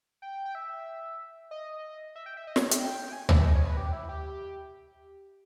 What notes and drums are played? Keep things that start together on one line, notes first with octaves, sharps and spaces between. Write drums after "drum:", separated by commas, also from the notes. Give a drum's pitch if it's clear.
G5
G5
E5
D#5
E5
G5
E5
D#5
C#5, drum: snare
E5, drum: hi-hat
G5
G5
G#5
E5, drum: tom
D#5
C#5
B4
G4
E4
G4